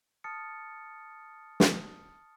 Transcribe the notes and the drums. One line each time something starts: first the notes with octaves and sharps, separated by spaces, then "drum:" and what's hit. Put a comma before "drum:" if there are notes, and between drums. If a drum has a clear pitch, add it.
A5 D#6 F6 A6 C#7
drum: snare